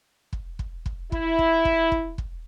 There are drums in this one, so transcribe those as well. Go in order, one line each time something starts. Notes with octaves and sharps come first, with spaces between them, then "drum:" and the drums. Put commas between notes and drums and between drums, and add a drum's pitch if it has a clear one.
drum: kick
drum: kick
drum: kick
E4, drum: kick
drum: kick
drum: kick
drum: kick
drum: kick